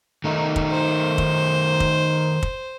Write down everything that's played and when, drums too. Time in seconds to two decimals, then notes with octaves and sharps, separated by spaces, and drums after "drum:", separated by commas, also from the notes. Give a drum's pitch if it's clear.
0.24 D#3 A3 D#4
0.56 drum: kick
0.71 C5
1.18 drum: kick
1.80 drum: kick
2.43 drum: kick